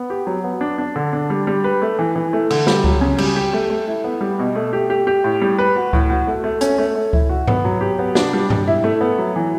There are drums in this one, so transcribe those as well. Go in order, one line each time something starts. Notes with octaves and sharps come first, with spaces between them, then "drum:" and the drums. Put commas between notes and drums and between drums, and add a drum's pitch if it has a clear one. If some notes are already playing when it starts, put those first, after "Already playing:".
Already playing: B3
G4
F#3
B3
D4
D4
D3
D4
G3
G3
B4
A3
E3
E3
A3
D3, drum: cymbal
G3, drum: snare
F#3, drum: kick C#2
C#3
G3, drum: cymbal
G4
A3
A3
E4
B3
G3
B2
A3
G4
G4
G4
A2
G3
B4
F#4
A2, drum: kick C#2
F#4
A3
A3
C#4, drum: hi-hat
A3
A3
E4, drum: kick C#2
F#4
B3, drum: tom G2
F#3
G4
B3
D4, drum: snare
G3
G3, drum: tom G2
E4
A3
B3
F#3
E3